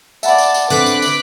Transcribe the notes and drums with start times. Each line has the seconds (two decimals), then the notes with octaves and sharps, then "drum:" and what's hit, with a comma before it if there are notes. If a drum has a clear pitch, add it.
0.23 D5 E5 F#5 A5 B5, drum: tambourine
0.38 drum: tambourine
0.54 drum: tambourine
0.70 D3 C4 B4 D6 F#6 B6, drum: tambourine
0.86 drum: tambourine
1.02 drum: tambourine